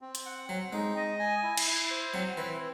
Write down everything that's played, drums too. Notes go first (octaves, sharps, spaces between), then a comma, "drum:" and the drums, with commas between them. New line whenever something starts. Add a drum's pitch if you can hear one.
C4
drum: hi-hat
F#5
F#3 C4
G#3 D#4
D#5
G#5
E4
drum: cymbal
E4
C5
F#3 C4
E3 E4